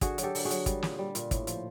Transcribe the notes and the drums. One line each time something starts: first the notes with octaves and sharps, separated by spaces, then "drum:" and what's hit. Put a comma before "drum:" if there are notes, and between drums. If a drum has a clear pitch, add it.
D3 F#4 G#4, drum: kick, hi-hat
F#3, drum: hi-hat
G4 A4
D3, drum: open hi-hat
F#4 G#4
F#3, drum: hi-hat
G3, drum: kick, hi-hat
A#2, drum: snare
G3
A#2, drum: hi-hat
A2, drum: kick, hi-hat
F3, drum: hi-hat